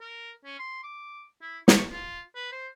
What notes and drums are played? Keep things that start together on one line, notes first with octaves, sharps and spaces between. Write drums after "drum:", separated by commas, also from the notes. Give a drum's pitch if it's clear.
A#4
C#4
C6
D6
E4
C#6, drum: snare
F4
B4
C5